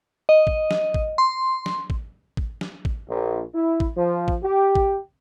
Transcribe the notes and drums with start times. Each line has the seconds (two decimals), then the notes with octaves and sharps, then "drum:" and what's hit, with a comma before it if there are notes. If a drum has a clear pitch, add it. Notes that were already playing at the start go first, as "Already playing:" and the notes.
0.29 D#5
0.47 drum: kick
0.71 drum: snare
0.94 drum: kick
1.18 C6
1.66 drum: snare
1.90 drum: kick
2.37 drum: kick
2.61 drum: snare
2.85 drum: kick
3.07 A#1
3.53 E4
3.80 drum: kick
3.96 F3
4.28 drum: kick
4.43 G4
4.75 drum: kick